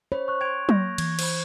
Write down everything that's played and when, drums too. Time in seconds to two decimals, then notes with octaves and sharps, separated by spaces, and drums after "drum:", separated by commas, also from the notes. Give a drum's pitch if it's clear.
0.12 C5 C#5 B5
0.28 C#6 F#6
0.41 G5 C6 G#6 D7 F7
0.69 A#3 G6 A#6, drum: tom F#3
0.98 E3 G#6, drum: cymbal
1.19 C5 B5, drum: cymbal